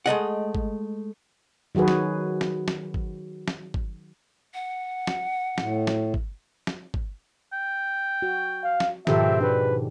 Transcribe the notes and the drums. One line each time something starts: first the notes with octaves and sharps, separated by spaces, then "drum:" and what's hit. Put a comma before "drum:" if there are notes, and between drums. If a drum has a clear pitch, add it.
G#3 A3 D#5 F#5
drum: kick
D#3 F#3 F#4 G#4 B4
drum: snare
drum: snare
drum: snare
drum: kick
drum: snare
drum: kick
F#5
drum: snare
A2, drum: snare
drum: snare
drum: kick
drum: snare
drum: kick
G5
F#4
F5
drum: snare
G#2 B2 D#3 F3 C4 G4 A4 E5, drum: snare
D4 B4